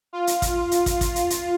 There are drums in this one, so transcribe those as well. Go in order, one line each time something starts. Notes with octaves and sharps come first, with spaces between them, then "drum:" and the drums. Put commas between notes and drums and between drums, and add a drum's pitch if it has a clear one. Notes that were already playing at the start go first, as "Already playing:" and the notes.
F4
drum: hi-hat
drum: kick, hi-hat
drum: hi-hat
drum: kick, hi-hat
drum: kick, hi-hat
drum: hi-hat
drum: hi-hat